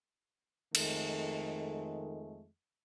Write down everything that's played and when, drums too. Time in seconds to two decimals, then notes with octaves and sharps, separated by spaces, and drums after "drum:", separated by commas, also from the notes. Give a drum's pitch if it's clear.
0.75 F2 D#3 G#3 A3, drum: cymbal